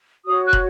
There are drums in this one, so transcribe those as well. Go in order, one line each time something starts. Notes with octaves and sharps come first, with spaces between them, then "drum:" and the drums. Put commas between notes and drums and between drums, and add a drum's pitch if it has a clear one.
F#4 C#5 D#6
F#6
drum: kick